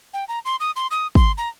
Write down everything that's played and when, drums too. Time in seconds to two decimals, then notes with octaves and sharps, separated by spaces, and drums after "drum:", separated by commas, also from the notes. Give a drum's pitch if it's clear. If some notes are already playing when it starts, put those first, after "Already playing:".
0.13 G5
0.28 A#5
0.45 C6
0.60 D#6
0.76 C6
0.91 D#6
1.15 C6, drum: kick
1.38 A#5